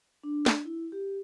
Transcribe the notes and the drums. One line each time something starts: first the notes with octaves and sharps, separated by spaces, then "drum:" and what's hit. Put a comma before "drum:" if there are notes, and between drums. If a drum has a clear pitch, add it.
D4
drum: snare
E4
G4